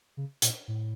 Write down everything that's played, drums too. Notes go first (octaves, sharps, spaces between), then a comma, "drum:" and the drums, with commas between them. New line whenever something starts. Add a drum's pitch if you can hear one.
C#3
A#2, drum: hi-hat
A2